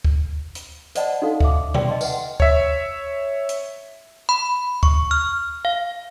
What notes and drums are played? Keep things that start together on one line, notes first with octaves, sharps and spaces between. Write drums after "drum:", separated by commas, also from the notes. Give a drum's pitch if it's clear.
drum: kick D2
drum: hi-hat
C5 D5 D#5 F#5 A5 B5, drum: hi-hat
D#4 F#4 A4 F5
E5 D6, drum: kick D2
D5 G5 C6, drum: tom B2
D#5 A5 C6
B4 E5 F#5, drum: tambourine
C#5 E5, drum: kick D2
drum: hi-hat
B5
C#6, drum: kick D2
F6
F5